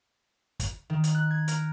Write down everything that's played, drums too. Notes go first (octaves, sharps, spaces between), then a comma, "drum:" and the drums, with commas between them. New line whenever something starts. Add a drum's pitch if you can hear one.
drum: kick, hi-hat
D#3
drum: hi-hat
F#6
G#6
A#4, drum: hi-hat